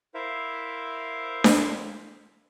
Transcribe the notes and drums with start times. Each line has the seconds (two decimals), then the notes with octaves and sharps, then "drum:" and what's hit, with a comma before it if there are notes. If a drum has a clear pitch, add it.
0.14 E4 A#4 C5 E5 F5
1.44 drum: snare D4